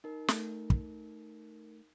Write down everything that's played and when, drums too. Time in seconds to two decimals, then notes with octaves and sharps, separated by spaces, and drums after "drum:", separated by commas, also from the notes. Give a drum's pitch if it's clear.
0.04 D#4 A#4
0.28 A3, drum: snare
0.70 drum: kick